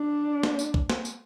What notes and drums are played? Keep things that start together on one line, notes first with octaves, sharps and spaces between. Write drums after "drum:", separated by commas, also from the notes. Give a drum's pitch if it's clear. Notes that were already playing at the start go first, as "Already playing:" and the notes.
Already playing: D4
drum: snare
drum: tambourine
drum: kick
drum: snare
drum: tambourine